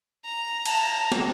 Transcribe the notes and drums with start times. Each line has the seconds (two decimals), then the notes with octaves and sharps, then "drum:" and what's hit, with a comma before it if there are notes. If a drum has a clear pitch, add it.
0.25 A#5
0.65 A5, drum: cymbal
1.12 drum: snare